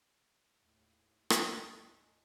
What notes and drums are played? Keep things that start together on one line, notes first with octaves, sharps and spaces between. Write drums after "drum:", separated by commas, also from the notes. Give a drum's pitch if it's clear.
D#2 A2
drum: rim click
G#3 D4